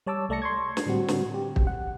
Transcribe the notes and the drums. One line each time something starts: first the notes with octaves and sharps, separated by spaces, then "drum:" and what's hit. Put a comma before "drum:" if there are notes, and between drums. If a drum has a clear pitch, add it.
G3 C#5 A5 D6 E6
C2 A3 D5 A5 A#6 C#7
C6 C#6 G#6
drum: snare
A2 D3 G3 C4 F#4
drum: snare
G4
drum: kick
F#5